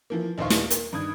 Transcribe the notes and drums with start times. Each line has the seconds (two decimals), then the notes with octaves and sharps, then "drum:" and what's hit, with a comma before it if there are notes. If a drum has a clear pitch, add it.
0.10 E3 F3 A#3
0.38 A#1 D#2 D#4 C5 F5 C#6
0.50 drum: snare
0.70 A#3, drum: hi-hat
0.93 G2 D#3 D#6 G#6